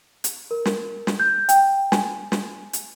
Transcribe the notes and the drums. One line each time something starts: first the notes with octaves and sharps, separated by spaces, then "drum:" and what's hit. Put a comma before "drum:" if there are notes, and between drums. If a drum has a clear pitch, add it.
drum: hi-hat
A#4
drum: snare
drum: snare
G6
G5, drum: hi-hat
G#5, drum: snare
drum: snare
drum: hi-hat